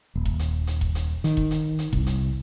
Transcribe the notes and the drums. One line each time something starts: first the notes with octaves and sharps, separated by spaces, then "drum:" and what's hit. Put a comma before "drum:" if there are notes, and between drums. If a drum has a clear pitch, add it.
D#1
drum: kick E1
drum: hi-hat
drum: hi-hat
drum: kick E1
drum: hi-hat
D#3, drum: hi-hat
drum: kick E1
drum: hi-hat
drum: hi-hat
C2, drum: kick E1
drum: hi-hat